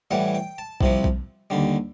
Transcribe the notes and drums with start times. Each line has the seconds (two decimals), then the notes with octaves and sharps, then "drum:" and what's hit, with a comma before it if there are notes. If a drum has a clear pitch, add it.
0.11 A2 E3 G3 F#5
0.35 G5
0.58 A5
0.81 C2 C3 F3, drum: kick B1
1.04 drum: kick B1
1.50 D#2 D3 G3